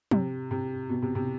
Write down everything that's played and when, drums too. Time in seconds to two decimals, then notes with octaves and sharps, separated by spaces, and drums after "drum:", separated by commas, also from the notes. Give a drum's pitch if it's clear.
0.11 C3, drum: tom
0.51 C3
0.89 B2
1.02 C3
1.15 C3